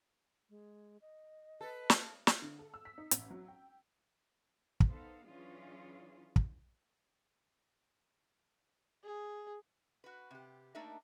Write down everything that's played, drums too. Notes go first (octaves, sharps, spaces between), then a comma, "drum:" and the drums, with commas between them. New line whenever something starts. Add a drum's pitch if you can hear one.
G#3
D#5
A4 B4
drum: snare
drum: snare
D3
A4
E6
B6
D#4
A1, drum: hi-hat
F#3
G5
drum: kick
B3 D#4 A4 C5 F5
E3 F#3 C#4 D4 F4 G#4
drum: kick
G#4
F#4 B4
C3 G4
A3 A#3 D4 D#4 A#4 E5